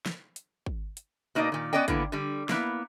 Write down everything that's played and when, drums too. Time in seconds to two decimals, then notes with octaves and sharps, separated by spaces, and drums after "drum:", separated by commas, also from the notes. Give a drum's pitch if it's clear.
0.06 drum: snare
0.36 drum: hi-hat
0.66 drum: kick
0.97 drum: hi-hat
1.35 B2 A#3 D#4 D5 D#5
1.52 A#2 D#3
1.73 B3 C#4 D5 D#5 G5
1.88 D3 A#3 B3 E4, drum: kick, hi-hat
2.12 D3 G3
2.49 A#3 B3 E4, drum: snare